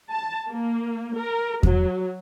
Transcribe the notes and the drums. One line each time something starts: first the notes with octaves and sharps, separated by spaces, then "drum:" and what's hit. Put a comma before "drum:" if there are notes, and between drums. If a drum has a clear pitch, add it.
A5
A#3
A#4
F#3, drum: kick E2